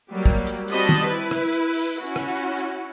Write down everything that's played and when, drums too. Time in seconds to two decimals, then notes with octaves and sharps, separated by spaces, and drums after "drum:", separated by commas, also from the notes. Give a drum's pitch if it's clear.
0.10 F#3 G3 A#3
0.26 drum: kick
0.47 drum: hi-hat
0.68 G3 C4 F#4 D#5 A5 B5, drum: hi-hat
0.89 drum: tom
1.06 E4 B4
1.31 drum: rim click
1.52 drum: hi-hat
1.74 drum: open hi-hat
1.99 C#4 E4 F#4
2.16 drum: rim click
2.37 drum: hi-hat
2.58 drum: hi-hat